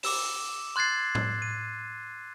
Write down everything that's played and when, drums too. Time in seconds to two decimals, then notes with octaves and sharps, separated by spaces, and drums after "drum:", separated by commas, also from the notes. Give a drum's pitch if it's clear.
0.03 D6 E6 E7, drum: open hi-hat
0.76 C6 F#6 G#6 A6 C7
1.15 drum: tom A2
1.42 D#7